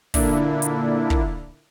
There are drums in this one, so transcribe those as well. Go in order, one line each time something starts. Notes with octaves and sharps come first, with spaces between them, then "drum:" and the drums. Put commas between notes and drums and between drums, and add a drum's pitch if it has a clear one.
A#2 D3 A#3 D4 E4, drum: kick, open hi-hat
drum: hi-hat
drum: kick